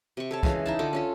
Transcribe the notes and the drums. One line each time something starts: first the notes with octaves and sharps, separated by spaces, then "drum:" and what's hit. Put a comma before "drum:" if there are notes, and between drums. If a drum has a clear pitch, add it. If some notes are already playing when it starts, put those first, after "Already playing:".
C3 C#6
A4 C#5 A5
C#3 E3 G#3 F5, drum: kick
D#4 E4 A5
D3 F4 A4 D6
C#4 F4 A4